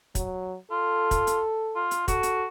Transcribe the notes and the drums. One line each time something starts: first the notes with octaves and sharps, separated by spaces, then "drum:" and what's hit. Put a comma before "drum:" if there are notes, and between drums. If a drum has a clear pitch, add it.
F#3, drum: kick, hi-hat
F4 A4
drum: kick, hi-hat
drum: hi-hat
F4
drum: hi-hat
F#4 A4, drum: kick, hi-hat
drum: hi-hat